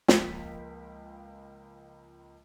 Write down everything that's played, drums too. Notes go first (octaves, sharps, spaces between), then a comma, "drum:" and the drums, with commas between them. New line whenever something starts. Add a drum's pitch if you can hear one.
C#2 F3 A#3 A#4 G5 B6, drum: snare